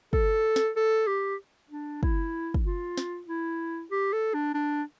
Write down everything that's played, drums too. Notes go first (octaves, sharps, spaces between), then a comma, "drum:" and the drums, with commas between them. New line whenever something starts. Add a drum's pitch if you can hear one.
A4, drum: kick
drum: snare
A4
G4
D4
E4, drum: kick
drum: kick
F4
drum: snare
E4
G4
A4
D4
D4